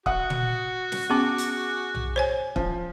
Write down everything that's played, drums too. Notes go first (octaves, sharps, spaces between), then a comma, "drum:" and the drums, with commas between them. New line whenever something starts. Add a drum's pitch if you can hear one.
F#4 F#5 D#6, drum: kick
drum: tom
drum: snare
B3 C#4 G#4 D6
drum: hi-hat
drum: tom B1
C5 C#5 G#5
F3, drum: kick